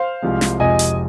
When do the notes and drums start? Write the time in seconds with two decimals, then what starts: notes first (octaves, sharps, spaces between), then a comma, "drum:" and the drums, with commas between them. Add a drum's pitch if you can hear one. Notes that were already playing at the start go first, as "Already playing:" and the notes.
Already playing: C5 F5
0.22 C2 C3 F3 G#3
0.41 drum: snare
0.60 F1 F2 C3 G#3 F4 D#5 G#5
0.79 drum: hi-hat